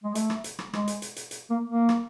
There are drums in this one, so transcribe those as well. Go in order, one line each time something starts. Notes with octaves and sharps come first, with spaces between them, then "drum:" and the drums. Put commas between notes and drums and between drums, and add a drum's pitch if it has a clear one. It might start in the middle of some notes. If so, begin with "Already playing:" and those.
G#3
A3, drum: hi-hat
drum: rim click
drum: hi-hat
drum: rim click
G#3, drum: rim click
drum: hi-hat
drum: hi-hat
drum: hi-hat
drum: hi-hat
A#3
A#3
drum: rim click